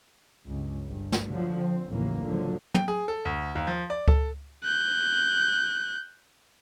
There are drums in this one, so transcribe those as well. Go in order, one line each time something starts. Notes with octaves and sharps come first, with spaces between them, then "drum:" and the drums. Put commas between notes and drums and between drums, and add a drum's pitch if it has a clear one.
C#2 G2
G1 G2
drum: snare
D3 F3 F#3
C4
A1 D#2 C#3 E3 F#3 A#3
C#2 D3 F3 F#3
G5, drum: tom
G#4
A4
D2
D#2
F3
D5
A4, drum: kick C#2
F#6 G6